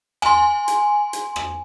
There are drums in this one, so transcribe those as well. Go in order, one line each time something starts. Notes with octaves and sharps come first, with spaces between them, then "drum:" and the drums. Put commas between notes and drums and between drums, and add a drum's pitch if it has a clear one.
G#5 C6, drum: rim click
drum: hi-hat
drum: hi-hat
drum: rim click